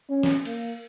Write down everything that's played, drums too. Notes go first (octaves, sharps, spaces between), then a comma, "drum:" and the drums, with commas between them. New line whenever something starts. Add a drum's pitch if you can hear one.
C#4
drum: snare
A#3, drum: cymbal